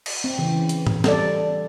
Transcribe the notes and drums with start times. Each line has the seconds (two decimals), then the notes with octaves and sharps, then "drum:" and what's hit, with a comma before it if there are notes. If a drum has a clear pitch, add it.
0.06 drum: cymbal
0.24 C4
0.38 C#3 E3
0.69 drum: hi-hat
0.87 drum: tom A2
1.04 G3 A4 D5, drum: snare